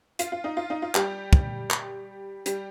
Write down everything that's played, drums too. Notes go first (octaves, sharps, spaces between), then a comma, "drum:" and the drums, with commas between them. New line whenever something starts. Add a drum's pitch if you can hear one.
F4, drum: hi-hat
F4
D#4
F4
D#4
F4
G3 G4, drum: clap
drum: kick
drum: clap
G3 G4, drum: hi-hat